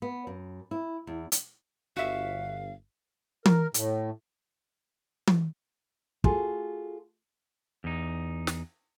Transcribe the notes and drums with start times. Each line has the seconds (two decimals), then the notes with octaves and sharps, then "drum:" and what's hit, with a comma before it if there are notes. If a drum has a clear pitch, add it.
0.02 B3
0.27 F#2
0.71 E4
1.07 E2
1.32 drum: hi-hat
1.97 G1 F#4 E5 F5
3.46 A#4, drum: tom E3
3.74 A2, drum: hi-hat
5.27 drum: tom E3
6.24 F4 F#4 G#4 A4, drum: kick
7.84 E2 D#4
8.47 drum: snare